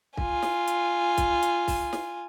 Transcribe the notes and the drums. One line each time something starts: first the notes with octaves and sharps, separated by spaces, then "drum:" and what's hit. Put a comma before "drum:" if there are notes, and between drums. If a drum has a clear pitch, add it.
F4 G#5, drum: kick
drum: snare
drum: hi-hat
drum: kick, hi-hat
drum: hi-hat
drum: kick, open hi-hat
drum: snare